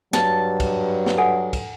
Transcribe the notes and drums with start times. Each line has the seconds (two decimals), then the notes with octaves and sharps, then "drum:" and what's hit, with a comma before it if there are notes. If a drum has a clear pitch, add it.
0.13 G2 F#3 A5, drum: snare
0.60 drum: kick, cymbal
1.06 drum: snare
1.18 A4 F#5 G#5
1.53 drum: kick, cymbal